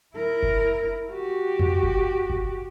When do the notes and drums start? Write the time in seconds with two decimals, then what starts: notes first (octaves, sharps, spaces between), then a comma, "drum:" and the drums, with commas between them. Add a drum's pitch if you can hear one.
0.16 E4 A#4
0.42 drum: kick F#1
1.13 F#4 G4
1.59 drum: tom F2
1.83 drum: kick F#1
2.30 drum: kick F#1